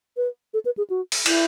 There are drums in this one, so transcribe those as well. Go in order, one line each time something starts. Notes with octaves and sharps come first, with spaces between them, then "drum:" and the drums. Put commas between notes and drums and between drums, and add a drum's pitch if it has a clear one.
B4
A4
B4
G#4
F#4
drum: open hi-hat
E4, drum: cymbal